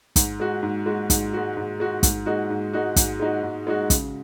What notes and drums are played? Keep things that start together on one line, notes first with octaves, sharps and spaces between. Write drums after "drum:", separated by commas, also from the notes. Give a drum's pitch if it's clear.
G#2, drum: kick, hi-hat
G#3 F#4
G#2
G#3 F#4
G#2, drum: kick, hi-hat
G#3 F#4
G#2
G#3 F#4
G#2, drum: kick, hi-hat
G#3 D#4 F#4
G#2
G#3 D#4 F#4
G#2, drum: kick, hi-hat
G#3 D#4 F#4
G#2
G#3 D#4 F#4
C#3, drum: kick, hi-hat